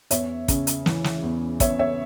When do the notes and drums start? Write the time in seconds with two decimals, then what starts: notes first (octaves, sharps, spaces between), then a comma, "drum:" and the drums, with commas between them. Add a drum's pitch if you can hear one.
0.11 E2 C#5 E5, drum: hi-hat
0.48 C#3, drum: kick, hi-hat
0.67 drum: hi-hat
0.86 E3, drum: snare
1.04 drum: snare
1.23 E2
1.60 E2 C#5 E5, drum: kick, hi-hat
1.79 C#5 E5